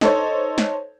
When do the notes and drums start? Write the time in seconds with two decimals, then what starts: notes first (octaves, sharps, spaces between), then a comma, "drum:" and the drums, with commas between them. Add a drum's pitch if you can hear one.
0.01 D#4 A4 C5 C#5, drum: snare
0.58 drum: snare